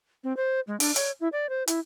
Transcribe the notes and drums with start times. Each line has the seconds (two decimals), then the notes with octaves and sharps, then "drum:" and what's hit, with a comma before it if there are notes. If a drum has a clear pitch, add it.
0.24 C4
0.37 C5
0.67 G#3
0.80 D4, drum: open hi-hat
0.96 C#5, drum: hi-hat
1.21 E4
1.33 D5
1.49 C5
1.67 E4, drum: hi-hat